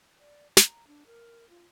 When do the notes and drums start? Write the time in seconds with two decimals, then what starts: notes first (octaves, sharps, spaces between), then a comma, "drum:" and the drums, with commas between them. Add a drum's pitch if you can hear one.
0.20 D5
0.57 A#5, drum: snare
0.88 D4
1.07 A#4
1.49 F4